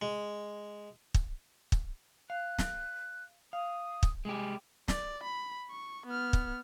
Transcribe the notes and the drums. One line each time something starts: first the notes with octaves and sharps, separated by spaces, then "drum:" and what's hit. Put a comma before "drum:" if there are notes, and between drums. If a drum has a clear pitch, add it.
G#3
drum: kick
drum: kick
F5 F#6
drum: snare
F5 D#6
drum: kick
C2 G#3 G4 G#5
D5, drum: snare
B5
C#6
B3 F6
drum: kick